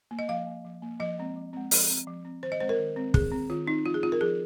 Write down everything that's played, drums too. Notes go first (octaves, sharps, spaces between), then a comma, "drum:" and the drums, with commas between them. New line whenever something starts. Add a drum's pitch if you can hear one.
A#3
D#5
F3 F5
A#3
F3
A#3
F3 D#5
G#3 C4
F3
G#3 C4
F3, drum: open hi-hat
C4
F3
C4
D#3 C5
D#5
G#3 C4 C5
A#4
D#3
G#3 C4
D#3 G#4, drum: kick
C4
D#3 F4
C4 D#4
F3 F4
G#4
C4 F4
A#4
F3 G#4